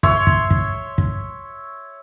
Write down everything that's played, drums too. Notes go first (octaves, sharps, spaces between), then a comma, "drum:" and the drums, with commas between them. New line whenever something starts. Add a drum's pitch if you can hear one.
C#5 E5 C6, drum: kick
drum: kick
drum: kick
drum: kick